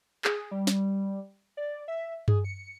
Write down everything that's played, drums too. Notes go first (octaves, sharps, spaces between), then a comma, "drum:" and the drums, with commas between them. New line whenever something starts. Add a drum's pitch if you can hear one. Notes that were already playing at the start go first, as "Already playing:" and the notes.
G#4, drum: clap
G3
drum: snare
D5
E5
G#4, drum: tom G2
C#7